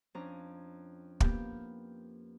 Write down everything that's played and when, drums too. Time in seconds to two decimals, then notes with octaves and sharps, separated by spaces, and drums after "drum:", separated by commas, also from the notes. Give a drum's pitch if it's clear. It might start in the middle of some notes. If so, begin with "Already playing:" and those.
0.15 F2 C#4 D4 A#5
1.20 A#3 B3 G4, drum: kick